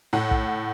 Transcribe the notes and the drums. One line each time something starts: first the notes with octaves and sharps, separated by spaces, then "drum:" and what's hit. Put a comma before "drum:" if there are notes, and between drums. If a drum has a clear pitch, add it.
A2 F#5
drum: kick